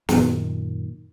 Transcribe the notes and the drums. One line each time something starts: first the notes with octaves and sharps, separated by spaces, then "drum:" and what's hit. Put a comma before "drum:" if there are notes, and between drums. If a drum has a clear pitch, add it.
F#2 A#2 D#3, drum: snare